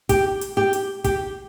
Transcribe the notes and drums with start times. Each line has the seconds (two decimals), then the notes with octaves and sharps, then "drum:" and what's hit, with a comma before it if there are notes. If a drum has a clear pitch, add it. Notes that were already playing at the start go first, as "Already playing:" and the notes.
0.09 G4, drum: kick, hi-hat
0.41 drum: hi-hat
0.57 G4
0.73 drum: hi-hat
1.04 G4, drum: kick, hi-hat